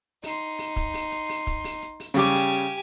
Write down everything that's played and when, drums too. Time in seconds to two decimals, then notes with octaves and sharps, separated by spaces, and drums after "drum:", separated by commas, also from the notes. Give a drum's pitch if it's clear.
0.23 D#4 C6, drum: open hi-hat
0.59 drum: open hi-hat
0.76 drum: kick, hi-hat
0.94 drum: open hi-hat
1.12 drum: hi-hat
1.29 drum: open hi-hat
1.47 drum: kick, hi-hat
1.65 drum: open hi-hat
1.82 drum: hi-hat
2.00 drum: open hi-hat
2.14 C#3 G3 G4 G#5 D6
2.35 drum: open hi-hat
2.53 drum: hi-hat